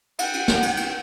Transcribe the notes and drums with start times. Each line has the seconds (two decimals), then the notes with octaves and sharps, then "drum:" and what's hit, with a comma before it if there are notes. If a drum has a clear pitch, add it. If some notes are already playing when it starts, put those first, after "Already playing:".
0.19 F#5 G5, drum: cymbal
0.33 drum: cymbal
0.48 drum: snare
0.62 drum: cymbal
0.77 drum: cymbal